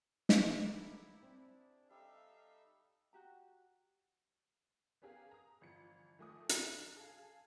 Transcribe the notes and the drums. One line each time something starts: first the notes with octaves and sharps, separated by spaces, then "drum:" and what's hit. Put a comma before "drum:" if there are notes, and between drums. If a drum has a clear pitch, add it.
drum: snare
A#3 B3 D#4 E4 G#4 A4 D5
C4 D4
G3 D#4 A4 E5 F5
F#4 G4 A#5
B3 C#4 G4 G#4 A#4 F5
A#5 D#6
G1 E3 F3 C#7
D#3 F3 A3 G#5 D6 D#6
B1, drum: hi-hat
G#4 A4 F5